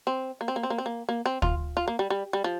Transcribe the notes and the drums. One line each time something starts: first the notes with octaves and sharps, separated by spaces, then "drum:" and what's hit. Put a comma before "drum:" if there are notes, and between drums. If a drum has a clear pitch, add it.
C4
A#3
C4
A#3
C4
A#3
C4
A#3
A#3
C4
F4, drum: kick
F4
A#3
G3
G3
G3
F3